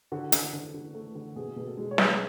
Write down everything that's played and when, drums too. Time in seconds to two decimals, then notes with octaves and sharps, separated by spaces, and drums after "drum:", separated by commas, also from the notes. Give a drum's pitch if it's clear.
0.12 D3 F#4
0.32 D3, drum: hi-hat
0.53 D3
0.74 D3
0.94 A3
1.15 D3
1.36 B2 G#4
1.56 B2
1.67 A4
1.77 G#3
1.91 C#5
1.98 G#3 B4, drum: snare